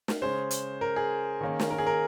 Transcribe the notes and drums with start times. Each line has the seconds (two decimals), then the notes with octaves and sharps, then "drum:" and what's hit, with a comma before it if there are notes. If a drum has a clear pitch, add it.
0.08 drum: snare
0.22 C#3 G#3 C#4 C5
0.51 drum: hi-hat
0.81 A#4
0.96 G#4
1.41 D#3 A#3 C#4
1.60 drum: snare
1.70 A#4
1.78 G#4
1.87 A#4